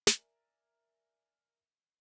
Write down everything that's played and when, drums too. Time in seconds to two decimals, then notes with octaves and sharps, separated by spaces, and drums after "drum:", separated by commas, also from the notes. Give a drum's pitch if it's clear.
0.07 A#4 D5 E5 G#5 A#5, drum: snare